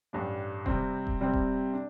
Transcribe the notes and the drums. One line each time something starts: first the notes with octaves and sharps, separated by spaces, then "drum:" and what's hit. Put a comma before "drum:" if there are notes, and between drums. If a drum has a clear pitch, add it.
A1 G2 G3 D4
C3 G3 C4, drum: kick D#1
drum: kick D#1
C3 G3 C4
drum: kick D#1
D4